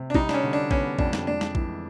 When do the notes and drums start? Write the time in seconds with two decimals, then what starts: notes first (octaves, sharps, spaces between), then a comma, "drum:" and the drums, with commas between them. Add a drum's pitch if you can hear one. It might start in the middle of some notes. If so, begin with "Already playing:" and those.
Already playing: C3
0.10 D4
0.14 G3 D#4, drum: kick A#1
0.29 D4, drum: snare
0.34 C#4
0.43 D3
0.53 D4
0.71 B3 C#4, drum: kick A#1
0.99 F2 D4, drum: kick A#1
1.13 drum: snare
1.27 G#3 D4
1.41 drum: snare
1.55 E3, drum: kick A#1